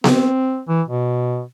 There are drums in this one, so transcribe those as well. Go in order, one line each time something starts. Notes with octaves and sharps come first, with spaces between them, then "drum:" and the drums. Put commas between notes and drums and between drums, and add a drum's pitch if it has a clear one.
C4, drum: snare B3
E3
B2